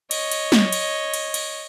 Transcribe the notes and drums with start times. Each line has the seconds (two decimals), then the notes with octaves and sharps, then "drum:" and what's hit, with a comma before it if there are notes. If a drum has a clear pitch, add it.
0.11 C#5 D#5, drum: cymbal
0.31 drum: cymbal
0.52 drum: snare
0.73 drum: cymbal
1.14 drum: cymbal
1.34 drum: cymbal